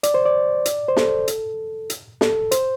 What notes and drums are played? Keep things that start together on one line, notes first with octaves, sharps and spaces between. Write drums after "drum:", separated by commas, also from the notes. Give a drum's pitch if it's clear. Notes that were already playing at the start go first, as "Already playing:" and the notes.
D5, drum: hi-hat
C5
D5
drum: hi-hat
C5
A4, drum: snare
drum: hi-hat
drum: hi-hat
A4, drum: snare
C5, drum: hi-hat